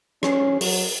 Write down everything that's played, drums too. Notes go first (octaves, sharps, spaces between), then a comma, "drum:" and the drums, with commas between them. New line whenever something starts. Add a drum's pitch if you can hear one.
C#4, drum: rim click
F#3, drum: open hi-hat